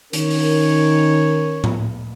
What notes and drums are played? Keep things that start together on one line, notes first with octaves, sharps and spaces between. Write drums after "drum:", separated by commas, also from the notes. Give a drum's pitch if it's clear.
D#3 C#4 A#4 C#5, drum: hi-hat
drum: open hi-hat
drum: tom A2